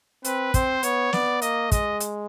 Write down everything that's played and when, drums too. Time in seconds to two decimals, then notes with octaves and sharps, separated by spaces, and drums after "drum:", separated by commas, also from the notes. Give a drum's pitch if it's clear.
0.25 C4 B4, drum: hi-hat
0.54 C4 C5, drum: kick, hi-hat
0.83 B3 C#5, drum: hi-hat
1.13 B3 D5, drum: snare
1.42 A#3 D#5, drum: hi-hat
1.72 G#3 D#5, drum: kick, hi-hat
2.00 drum: hi-hat